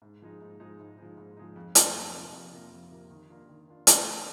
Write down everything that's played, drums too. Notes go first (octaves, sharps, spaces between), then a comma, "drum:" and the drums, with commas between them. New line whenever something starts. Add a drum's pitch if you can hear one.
G#2
F3 G#3 D#4
G#2
F3 G#3 D#4
G#2
F3 G#3 D#4
G#2
F3 G#3 D#4
F2
C3 F3 A#3, drum: hi-hat
F2
C3 F3 A#3
F2
C3 F3 A#3
F2
C3 F3 A#3
D#3
A#3 D4 F4
D#3
A#3 D4 F4
D#3, drum: hi-hat
A#3 D4 F4